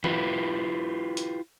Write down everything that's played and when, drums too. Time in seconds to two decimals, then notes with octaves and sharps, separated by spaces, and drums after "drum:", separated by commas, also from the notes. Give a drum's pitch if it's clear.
0.04 E4 F4 G4 B4, drum: tom
1.17 drum: hi-hat